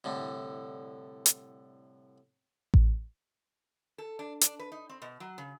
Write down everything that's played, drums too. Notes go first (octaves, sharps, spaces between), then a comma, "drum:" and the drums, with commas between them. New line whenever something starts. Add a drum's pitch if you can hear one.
C2 A2 D3
drum: hi-hat
drum: kick A1
A4
D4
D4, drum: hi-hat
B4
D#4
C4
B2
F#3
C#3